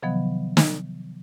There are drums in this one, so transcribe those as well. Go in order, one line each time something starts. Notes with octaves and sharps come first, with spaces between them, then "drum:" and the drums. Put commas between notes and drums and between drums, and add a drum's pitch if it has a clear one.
C3 D#3 F3 F#3 B3
drum: snare